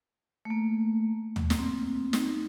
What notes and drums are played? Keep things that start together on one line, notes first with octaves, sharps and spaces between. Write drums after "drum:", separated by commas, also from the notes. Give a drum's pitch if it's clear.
A3
A#3
drum: tom
A#3, drum: snare
C4
D#4, drum: snare